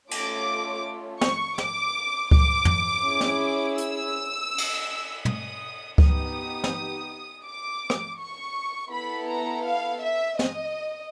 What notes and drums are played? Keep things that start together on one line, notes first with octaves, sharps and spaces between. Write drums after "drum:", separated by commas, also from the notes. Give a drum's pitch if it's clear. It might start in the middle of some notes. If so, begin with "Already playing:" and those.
A3 C#4 F4 A4 D6, drum: cymbal
C#6, drum: snare
D6, drum: snare
D6, drum: kick C#2
drum: tom
C#4 E4 G#4
drum: snare
E6, drum: hi-hat
drum: cymbal
D#6, drum: tom
B3 D#4 G4 D#6, drum: kick C#2
drum: snare
D6
drum: rim click
C#6
B3 E4 A4 B5
A#5
F5
E5
D#5, drum: snare